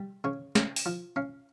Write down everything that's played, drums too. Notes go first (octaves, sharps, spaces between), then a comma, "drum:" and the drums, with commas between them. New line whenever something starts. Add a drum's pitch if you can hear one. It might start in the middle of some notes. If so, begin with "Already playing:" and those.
Already playing: G3
C#3 C#5
C#3, drum: snare
drum: open hi-hat
F3
C#4 F5